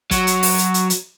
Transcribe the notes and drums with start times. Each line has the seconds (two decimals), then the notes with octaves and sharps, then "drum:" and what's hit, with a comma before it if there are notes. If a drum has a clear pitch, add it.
0.11 F#3 F#4, drum: kick, hi-hat
0.27 drum: hi-hat
0.43 drum: open hi-hat
0.58 drum: hi-hat
0.74 drum: hi-hat
0.90 drum: hi-hat